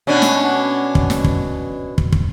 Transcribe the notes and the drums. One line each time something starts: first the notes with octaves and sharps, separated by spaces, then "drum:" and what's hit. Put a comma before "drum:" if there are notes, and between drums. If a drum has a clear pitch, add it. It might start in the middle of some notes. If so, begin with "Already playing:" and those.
B2 C#4 D4
drum: snare
drum: kick
drum: snare
drum: kick
drum: kick
drum: kick